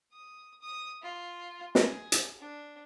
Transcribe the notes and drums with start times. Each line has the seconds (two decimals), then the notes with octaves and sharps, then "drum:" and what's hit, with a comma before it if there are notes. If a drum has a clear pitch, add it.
0.13 D#6
0.61 D#6
1.02 F4
1.75 G#4, drum: snare
2.12 drum: hi-hat
2.40 D4